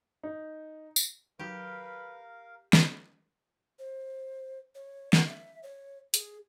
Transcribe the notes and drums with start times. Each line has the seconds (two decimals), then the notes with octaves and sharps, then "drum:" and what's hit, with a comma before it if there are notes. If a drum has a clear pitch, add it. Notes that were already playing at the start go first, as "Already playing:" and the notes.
0.23 D#4
0.96 drum: tambourine
1.39 D#3 F#3 G4 A#4 B4 F5
2.73 drum: snare
3.79 C5
4.75 C#5
5.13 F#5, drum: snare
5.27 E5
5.63 C#5
6.14 G#4, drum: hi-hat